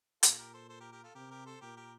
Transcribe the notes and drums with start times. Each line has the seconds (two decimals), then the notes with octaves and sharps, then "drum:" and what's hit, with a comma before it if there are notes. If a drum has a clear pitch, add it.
0.23 A#2 F4 A4, drum: hi-hat
0.38 G4 A#4
0.54 A4 C5
0.69 A4 C5
0.80 G4 A#4
0.92 G4 A#4
1.04 F4 A4
1.15 C3 G4 A#4
1.31 G4 A#4
1.46 A4 C5
1.61 A#2 G4 A#4
1.77 G4 A#4